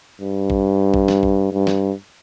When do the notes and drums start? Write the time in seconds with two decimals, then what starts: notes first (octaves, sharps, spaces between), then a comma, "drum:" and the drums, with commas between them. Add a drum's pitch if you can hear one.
0.21 G2
0.50 drum: kick A1
0.94 drum: kick A1
1.08 drum: snare
1.23 drum: kick A1
1.52 G2
1.67 drum: snare